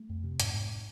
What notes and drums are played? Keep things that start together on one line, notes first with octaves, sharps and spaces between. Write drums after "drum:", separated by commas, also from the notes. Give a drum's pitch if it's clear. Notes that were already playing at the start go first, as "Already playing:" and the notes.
Already playing: A3
F2
C3
G#2, drum: hi-hat
G#2